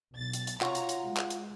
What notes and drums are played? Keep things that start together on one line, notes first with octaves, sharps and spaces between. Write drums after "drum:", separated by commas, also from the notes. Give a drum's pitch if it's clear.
B1 A6
drum: hi-hat
drum: hi-hat
C3 F4 F#4 C#5 A#5, drum: clap
drum: hi-hat
drum: hi-hat
G#3
drum: clap
drum: hi-hat